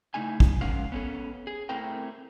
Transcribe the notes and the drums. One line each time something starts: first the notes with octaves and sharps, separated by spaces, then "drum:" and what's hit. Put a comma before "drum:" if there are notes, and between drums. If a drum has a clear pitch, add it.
C#3 A3 D#4 E4 G#5
drum: kick
G#3 C#4 A#4 F5 F#5
B3 C#4 A4
G#4
A3 C4 E4 A#4 G5